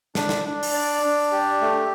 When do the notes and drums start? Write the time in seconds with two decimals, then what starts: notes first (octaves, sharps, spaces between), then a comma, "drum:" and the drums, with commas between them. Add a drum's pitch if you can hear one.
0.15 D4, drum: snare
0.29 drum: snare
0.44 D4
0.63 drum: open hi-hat
0.73 D5
1.02 D4
1.32 G4
1.61 A3